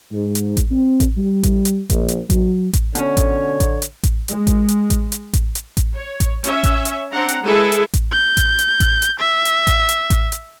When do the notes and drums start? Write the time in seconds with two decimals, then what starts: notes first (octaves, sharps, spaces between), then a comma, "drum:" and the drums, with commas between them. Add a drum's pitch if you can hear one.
0.12 G#2
0.35 drum: hi-hat
0.57 drum: kick A1, hi-hat
0.71 C4
1.00 drum: kick A1, hi-hat
1.17 G3
1.43 drum: kick A1, hi-hat
1.65 drum: hi-hat
1.90 A#1, drum: kick A1, hi-hat
2.08 drum: hi-hat
2.30 F#3, drum: kick A1, hi-hat
2.73 drum: kick A1, hi-hat
2.95 B2 D3 C#4 C#5, drum: hi-hat
3.17 drum: kick A1, hi-hat
3.60 drum: kick A1, hi-hat
3.82 drum: hi-hat
4.03 drum: kick A1, hi-hat
4.28 G#3, drum: hi-hat
4.47 drum: kick A1, hi-hat
4.68 drum: hi-hat
4.90 drum: kick A1, hi-hat
5.12 drum: hi-hat
5.33 drum: kick A1, hi-hat
5.55 drum: hi-hat
5.77 drum: kick A1, hi-hat
5.95 C#5
6.20 drum: kick A1, hi-hat
6.44 C#4 E5, drum: hi-hat
6.64 drum: kick A1, hi-hat
6.85 drum: hi-hat
7.11 C4 D4 F#5 A#5
7.29 drum: hi-hat
7.43 G#3 E4 G#4 A4 B4 E5
7.72 drum: hi-hat
7.94 drum: kick A1, hi-hat
8.12 G6
8.37 drum: kick A1, hi-hat
8.59 drum: hi-hat
8.80 drum: kick A1, hi-hat
9.02 drum: hi-hat
9.19 E5
9.45 drum: hi-hat
9.67 drum: kick A1, hi-hat
9.89 drum: hi-hat
10.10 drum: kick A1, hi-hat
10.32 drum: hi-hat